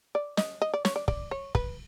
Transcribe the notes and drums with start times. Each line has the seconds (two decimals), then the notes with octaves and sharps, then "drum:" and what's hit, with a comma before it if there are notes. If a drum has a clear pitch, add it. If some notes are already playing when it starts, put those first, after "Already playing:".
0.15 D5
0.37 D#5, drum: snare
0.62 D#5
0.74 D5
0.85 C#5, drum: snare
0.96 D5
1.08 D5, drum: kick
1.31 C#5
1.55 B4, drum: kick